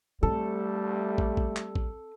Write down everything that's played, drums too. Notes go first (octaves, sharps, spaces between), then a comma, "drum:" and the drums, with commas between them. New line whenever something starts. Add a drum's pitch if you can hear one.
G3 A3 C4 A4
drum: kick
drum: kick
drum: clap
drum: kick